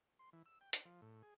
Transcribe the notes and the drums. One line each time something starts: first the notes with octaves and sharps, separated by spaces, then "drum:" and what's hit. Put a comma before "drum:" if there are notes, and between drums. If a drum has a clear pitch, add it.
C6
E3
E6
G5
D4, drum: hi-hat
F3
A2
G#4